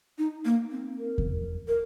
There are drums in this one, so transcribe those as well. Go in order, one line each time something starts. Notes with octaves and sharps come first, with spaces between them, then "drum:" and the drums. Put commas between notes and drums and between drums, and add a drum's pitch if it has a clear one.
D#4
A#3
C4
A#4
drum: kick E2
A#4